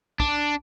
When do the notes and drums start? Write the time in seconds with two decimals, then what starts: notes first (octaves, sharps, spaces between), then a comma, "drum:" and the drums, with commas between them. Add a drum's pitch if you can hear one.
0.20 D4, drum: kick